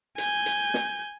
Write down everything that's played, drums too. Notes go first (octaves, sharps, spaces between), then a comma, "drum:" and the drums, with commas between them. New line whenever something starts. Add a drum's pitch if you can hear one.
G#5 G6, drum: hi-hat
drum: hi-hat
drum: snare